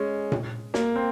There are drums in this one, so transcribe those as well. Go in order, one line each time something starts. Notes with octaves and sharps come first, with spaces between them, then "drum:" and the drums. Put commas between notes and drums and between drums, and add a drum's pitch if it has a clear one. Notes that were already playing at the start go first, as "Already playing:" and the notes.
Already playing: G#3 C#4
drum: tom A#2
A#3, drum: snare
C4